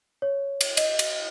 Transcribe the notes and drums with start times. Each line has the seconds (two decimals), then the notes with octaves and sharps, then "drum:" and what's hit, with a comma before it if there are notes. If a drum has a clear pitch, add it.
0.22 C#5
0.61 drum: cymbal
0.77 D#5, drum: cymbal
0.99 drum: cymbal